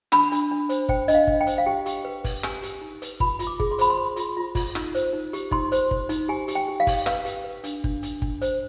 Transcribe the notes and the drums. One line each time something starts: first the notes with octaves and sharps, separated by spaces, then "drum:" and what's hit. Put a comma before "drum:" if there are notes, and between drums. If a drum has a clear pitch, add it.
D4 B5, drum: rim click
D4, drum: hi-hat
D4
C5, drum: hi-hat
C5 G5, drum: kick G1
D4 D#5, drum: hi-hat
F5
D4, drum: kick G1
G5
C5, drum: hi-hat
F5
G4 G5
G4, drum: hi-hat
B4
B4, drum: kick G1, open hi-hat
G4 G#5, drum: rim click
G4, drum: hi-hat
D#4
B4, drum: hi-hat
F4 B5, drum: kick G1
F4, drum: hi-hat
D6
G#4, drum: kick G1
C6
C5 B5, drum: hi-hat
C6
C5
F4, drum: hi-hat
F4
F4, drum: kick G1, open hi-hat
D#4, drum: rim click
C5, drum: hi-hat
D#4
G4, drum: hi-hat
D#4 C6, drum: kick G1
C5, drum: hi-hat
C5, drum: kick G1
D#4, drum: hi-hat
G4 G#5
G4, drum: hi-hat
G5
G4
F5
G4, drum: kick G1, open hi-hat
B4 F5, drum: rim click
G4, drum: hi-hat
B4
D4, drum: hi-hat
D4, drum: kick G1
D4, drum: hi-hat
D4, drum: kick G1
C5, drum: hi-hat